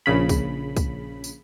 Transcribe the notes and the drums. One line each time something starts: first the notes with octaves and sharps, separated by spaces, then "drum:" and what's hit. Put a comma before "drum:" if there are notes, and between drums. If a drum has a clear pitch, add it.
A#1 C#3 B5
drum: kick C2, tambourine
drum: kick C2, tambourine
drum: tambourine